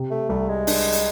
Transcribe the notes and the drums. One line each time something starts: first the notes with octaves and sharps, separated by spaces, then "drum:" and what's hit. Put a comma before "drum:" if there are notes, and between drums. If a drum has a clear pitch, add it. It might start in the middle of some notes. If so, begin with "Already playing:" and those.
Already playing: C3
A3
C2 A3
G#3
D4, drum: open hi-hat
drum: hi-hat